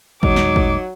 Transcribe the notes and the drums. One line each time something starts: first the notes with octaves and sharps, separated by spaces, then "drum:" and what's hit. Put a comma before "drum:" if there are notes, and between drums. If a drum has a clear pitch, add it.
D#1 D#2 F#3 G#3 D#4 D6, drum: kick G#1
drum: snare
drum: kick G#1